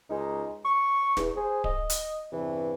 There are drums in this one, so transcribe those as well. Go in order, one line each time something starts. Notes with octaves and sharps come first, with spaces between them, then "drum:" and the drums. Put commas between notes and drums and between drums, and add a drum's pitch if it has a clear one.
C#2 G#3 D#4
C#6
E2, drum: snare
G#4 C5
D#5, drum: kick D1
drum: hi-hat
E2 G2 C3 E3